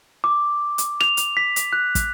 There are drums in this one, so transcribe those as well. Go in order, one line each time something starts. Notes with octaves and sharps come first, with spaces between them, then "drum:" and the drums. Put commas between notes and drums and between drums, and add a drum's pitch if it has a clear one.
D6
drum: hi-hat
F7, drum: rim click
drum: hi-hat
B6
drum: hi-hat
F#6
drum: kick, hi-hat